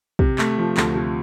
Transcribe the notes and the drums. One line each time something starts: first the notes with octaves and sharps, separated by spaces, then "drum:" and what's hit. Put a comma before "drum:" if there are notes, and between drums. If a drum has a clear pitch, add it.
C3, drum: kick
A3, drum: clap
F3
D2, drum: clap
C3